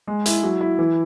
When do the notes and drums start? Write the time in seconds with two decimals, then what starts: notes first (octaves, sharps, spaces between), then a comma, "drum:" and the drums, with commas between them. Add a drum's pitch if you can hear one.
0.07 G#3
0.26 E4, drum: hi-hat
0.43 F#3
0.61 E4
0.78 E3